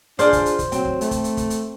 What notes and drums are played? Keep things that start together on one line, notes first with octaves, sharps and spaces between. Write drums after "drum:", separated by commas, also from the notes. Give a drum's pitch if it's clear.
D4 F4 G#4 C5 D5, drum: hi-hat
drum: kick, hi-hat
drum: hi-hat
drum: kick, hi-hat
F#3 C4, drum: hi-hat
drum: kick
A3, drum: hi-hat
drum: kick, hi-hat
drum: hi-hat
drum: kick, hi-hat
drum: hi-hat